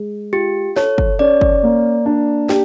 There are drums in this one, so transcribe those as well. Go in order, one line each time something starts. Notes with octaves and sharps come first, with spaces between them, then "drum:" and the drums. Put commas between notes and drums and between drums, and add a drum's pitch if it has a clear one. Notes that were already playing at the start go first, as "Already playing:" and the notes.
Already playing: G#3
F4 G4
A4 C#5, drum: snare
drum: kick
C#4 D5
drum: kick
A#3
D4
G4, drum: snare